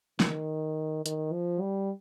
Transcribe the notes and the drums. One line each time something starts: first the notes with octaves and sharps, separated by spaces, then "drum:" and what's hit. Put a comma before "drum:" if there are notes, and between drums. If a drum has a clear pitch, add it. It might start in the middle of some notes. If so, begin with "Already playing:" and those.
D#3, drum: snare
D#3, drum: hi-hat
F3
G3